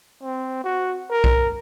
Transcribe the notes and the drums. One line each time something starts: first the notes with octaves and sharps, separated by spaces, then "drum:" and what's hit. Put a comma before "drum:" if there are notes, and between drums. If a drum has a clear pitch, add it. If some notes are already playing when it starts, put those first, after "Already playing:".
C4
F#4
A#4
drum: kick B1